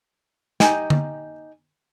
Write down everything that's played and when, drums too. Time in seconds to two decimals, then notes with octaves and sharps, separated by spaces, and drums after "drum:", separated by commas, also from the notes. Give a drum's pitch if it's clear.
0.60 D#4 G4 G#5 A#5, drum: snare
0.90 drum: tom D3